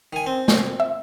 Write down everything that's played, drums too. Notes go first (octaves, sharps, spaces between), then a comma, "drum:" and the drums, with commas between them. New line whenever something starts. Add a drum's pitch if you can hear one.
D#3 G#5
C4
drum: snare
E5